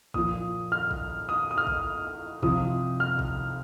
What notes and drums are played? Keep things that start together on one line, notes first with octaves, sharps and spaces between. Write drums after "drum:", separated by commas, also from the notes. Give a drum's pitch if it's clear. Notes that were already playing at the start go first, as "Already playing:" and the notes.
A#2 F3 D#6, drum: kick
F6
drum: kick
D#6
D#6
F6
drum: kick
C3 F3 D#6, drum: kick
F6
drum: kick